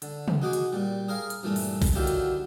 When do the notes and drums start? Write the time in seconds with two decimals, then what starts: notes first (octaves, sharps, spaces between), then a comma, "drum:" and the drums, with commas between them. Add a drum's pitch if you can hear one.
0.02 D3, drum: hi-hat
0.28 drum: tom
0.42 D#4 F#4 G#4 D6
0.53 drum: hi-hat
0.72 A#2 G3
1.08 G#4 A#4 F5
1.30 drum: hi-hat
1.43 G2 A#2 E3 A3
1.56 drum: open hi-hat
1.82 drum: kick A#1, open hi-hat
1.95 D3 D#3 F#3 E4 F4 G4
2.07 drum: hi-hat